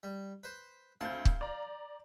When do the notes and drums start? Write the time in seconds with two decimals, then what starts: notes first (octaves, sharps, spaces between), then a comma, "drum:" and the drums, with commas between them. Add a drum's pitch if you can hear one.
0.03 G3
0.43 B4 C5
1.01 D2 C4 F5 A5 G6
1.25 drum: kick
1.41 D5 A#5